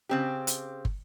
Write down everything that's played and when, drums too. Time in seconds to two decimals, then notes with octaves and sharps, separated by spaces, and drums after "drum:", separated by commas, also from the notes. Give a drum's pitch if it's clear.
0.09 C#3 C4 G4
0.47 drum: hi-hat
0.85 drum: kick